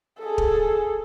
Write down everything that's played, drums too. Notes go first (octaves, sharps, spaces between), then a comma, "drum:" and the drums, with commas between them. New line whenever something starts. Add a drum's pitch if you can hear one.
G#4 A4
drum: kick